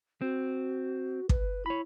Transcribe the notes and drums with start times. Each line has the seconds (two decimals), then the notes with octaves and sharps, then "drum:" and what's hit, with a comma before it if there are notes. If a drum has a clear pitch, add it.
0.22 C4 F#4
1.29 B4, drum: kick
1.66 E4 C#5 B5